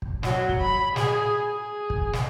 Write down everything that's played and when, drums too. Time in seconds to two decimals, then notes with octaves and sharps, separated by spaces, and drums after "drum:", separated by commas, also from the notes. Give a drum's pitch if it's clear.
0.02 drum: kick
0.23 F#3, drum: snare
0.49 drum: kick
0.61 B5
0.96 G#4, drum: snare
1.47 G#4
1.90 drum: kick
2.13 drum: snare